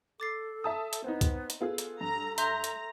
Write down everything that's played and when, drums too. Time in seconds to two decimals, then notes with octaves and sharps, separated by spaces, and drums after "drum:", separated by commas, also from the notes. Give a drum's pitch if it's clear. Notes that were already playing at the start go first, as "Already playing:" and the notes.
0.20 A4 D6 A6 C7
0.64 E5 A5 D#6
0.93 drum: hi-hat
1.04 B3 C4 D#4
1.21 drum: kick C#2, hi-hat
1.50 drum: hi-hat
1.61 B3 F4 G#4 A4
1.78 drum: hi-hat
2.01 G2 A#5
2.38 E5 A#5 C6 G6, drum: hi-hat
2.64 drum: hi-hat